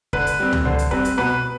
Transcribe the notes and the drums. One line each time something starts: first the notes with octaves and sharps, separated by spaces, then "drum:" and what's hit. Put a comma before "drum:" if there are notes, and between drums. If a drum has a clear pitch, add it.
D3 B4, drum: kick
drum: hi-hat
G3 C4
drum: tom C#2
D3 C5
drum: hi-hat
G3 C4 B4, drum: kick
drum: hi-hat
B2 B4